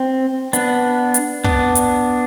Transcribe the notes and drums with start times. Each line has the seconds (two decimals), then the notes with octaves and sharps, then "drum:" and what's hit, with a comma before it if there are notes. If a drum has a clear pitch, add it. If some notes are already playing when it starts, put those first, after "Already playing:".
Already playing: C4
0.53 B3 D4, drum: hi-hat
1.14 drum: hi-hat
1.44 B3 D4, drum: kick
1.75 drum: hi-hat